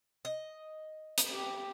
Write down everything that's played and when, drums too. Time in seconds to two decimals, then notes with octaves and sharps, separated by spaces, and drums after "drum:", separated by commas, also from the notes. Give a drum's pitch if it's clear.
0.25 D#5
1.18 drum: hi-hat
1.32 G4